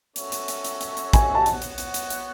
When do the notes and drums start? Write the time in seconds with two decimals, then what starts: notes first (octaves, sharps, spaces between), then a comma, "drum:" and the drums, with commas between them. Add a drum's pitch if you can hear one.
0.16 C#4 F#4 A4 C#5 E5, drum: hi-hat
0.32 drum: hi-hat
0.48 drum: hi-hat
0.64 drum: hi-hat
0.81 drum: hi-hat
0.97 drum: hi-hat
1.13 G#5, drum: kick, hi-hat
1.35 A5
1.46 B3 F#4 C#5 F#5, drum: hi-hat
1.62 drum: hi-hat
1.78 drum: hi-hat
1.94 drum: hi-hat
2.10 drum: hi-hat